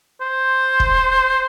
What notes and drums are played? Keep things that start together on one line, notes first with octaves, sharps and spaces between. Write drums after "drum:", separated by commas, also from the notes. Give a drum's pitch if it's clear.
C5
drum: kick